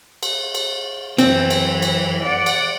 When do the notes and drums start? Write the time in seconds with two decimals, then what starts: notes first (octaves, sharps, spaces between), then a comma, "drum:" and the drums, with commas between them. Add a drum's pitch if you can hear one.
0.23 drum: cymbal
0.55 drum: cymbal
1.18 F#2 E3 C4, drum: cymbal
1.50 drum: cymbal
1.82 drum: cymbal
2.23 D5 F#5
2.46 drum: cymbal